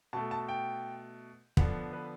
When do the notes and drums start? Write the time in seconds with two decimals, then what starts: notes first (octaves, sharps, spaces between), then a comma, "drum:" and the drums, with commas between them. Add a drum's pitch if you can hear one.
0.13 B2 A3 A5
0.31 A5
0.49 G5
1.57 D3 F3 B3, drum: kick
1.93 B4